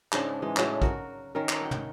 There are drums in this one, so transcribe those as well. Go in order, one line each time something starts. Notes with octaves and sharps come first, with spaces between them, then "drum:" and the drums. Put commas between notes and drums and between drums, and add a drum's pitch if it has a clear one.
G#2 C#3 G#3 D4, drum: clap
E3 G#3
A2 F#3 G#3 A3, drum: clap
F#4 A#4, drum: kick A#1
D#3 C#4 A#4
drum: clap
F#5 G5
drum: tom